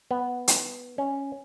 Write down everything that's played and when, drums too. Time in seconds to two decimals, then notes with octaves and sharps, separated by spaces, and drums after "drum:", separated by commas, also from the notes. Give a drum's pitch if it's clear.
0.11 B3
0.48 drum: hi-hat
0.98 C#4